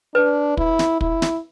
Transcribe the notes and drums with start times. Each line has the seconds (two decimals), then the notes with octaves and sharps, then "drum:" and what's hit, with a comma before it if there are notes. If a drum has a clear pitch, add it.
0.14 D4 B4
0.57 E4, drum: kick
0.79 drum: snare
1.01 E4, drum: kick
1.22 drum: snare